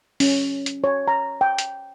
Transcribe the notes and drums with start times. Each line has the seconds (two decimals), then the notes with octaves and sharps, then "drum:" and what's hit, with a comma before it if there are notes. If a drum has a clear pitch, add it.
0.20 C#4, drum: open hi-hat
0.66 drum: hi-hat
0.84 C#5
1.08 A#5
1.41 G5
1.58 drum: hi-hat